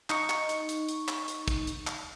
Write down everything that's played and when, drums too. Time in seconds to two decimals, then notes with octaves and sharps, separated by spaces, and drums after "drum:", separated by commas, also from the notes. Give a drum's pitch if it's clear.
0.10 D#4 C#6, drum: clap
0.29 drum: clap
0.49 drum: hi-hat
0.69 drum: hi-hat
0.89 drum: hi-hat
1.08 drum: clap
1.28 drum: hi-hat
1.48 drum: kick, hi-hat
1.67 drum: hi-hat
1.87 drum: clap